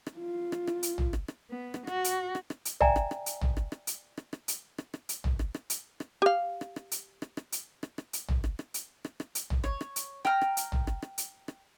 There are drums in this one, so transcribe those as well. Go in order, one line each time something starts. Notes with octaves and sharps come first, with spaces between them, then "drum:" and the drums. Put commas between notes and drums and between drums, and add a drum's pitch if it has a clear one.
drum: rim click
F4
drum: rim click
drum: rim click
drum: hi-hat
drum: tom A1
drum: rim click
drum: rim click
B3
drum: rim click
F#4, drum: rim click
drum: hi-hat
drum: rim click
drum: rim click
drum: hi-hat
D5 E5 G5 G#5 A#5, drum: tom A1
drum: rim click
drum: rim click
drum: hi-hat
drum: tom A1
drum: rim click
drum: rim click
drum: hi-hat
drum: rim click
drum: rim click
drum: hi-hat
drum: rim click
drum: rim click
drum: hi-hat
drum: tom A1
drum: rim click
drum: rim click
drum: hi-hat
drum: rim click
G4 F5
drum: rim click
drum: rim click
drum: hi-hat
drum: rim click
drum: rim click
drum: hi-hat
drum: rim click
drum: rim click
drum: hi-hat
drum: tom A1
drum: rim click
drum: rim click
drum: hi-hat
drum: rim click
drum: rim click
drum: hi-hat
drum: tom A1
C#5, drum: rim click
drum: rim click
drum: hi-hat
G5 A#5 F6, drum: rim click
drum: rim click
drum: hi-hat
drum: tom A1
drum: rim click
drum: rim click
drum: hi-hat
drum: rim click